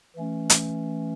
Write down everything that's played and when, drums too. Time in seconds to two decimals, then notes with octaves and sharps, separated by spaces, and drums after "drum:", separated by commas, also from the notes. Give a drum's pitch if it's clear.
0.16 E3 A3 C#4
0.50 drum: hi-hat